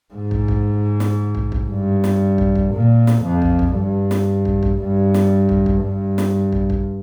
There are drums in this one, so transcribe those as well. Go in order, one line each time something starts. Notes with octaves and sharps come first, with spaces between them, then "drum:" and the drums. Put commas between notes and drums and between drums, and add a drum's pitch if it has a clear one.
G#2
drum: kick
drum: kick
drum: snare
drum: kick
drum: kick
G2
drum: snare
drum: kick
drum: kick
A#2
drum: snare
F2
drum: kick
drum: kick
G2
drum: snare
drum: kick
drum: kick
G2
drum: snare
drum: kick
drum: kick
G2
drum: snare
drum: kick
drum: kick